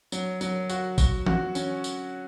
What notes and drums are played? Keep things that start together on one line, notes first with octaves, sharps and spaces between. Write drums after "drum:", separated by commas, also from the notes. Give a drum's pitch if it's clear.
F#3, drum: tambourine
F#3, drum: tambourine
F#4, drum: tambourine
F#4, drum: kick, tambourine
F#4, drum: tom E3
C#4, drum: tambourine
drum: tambourine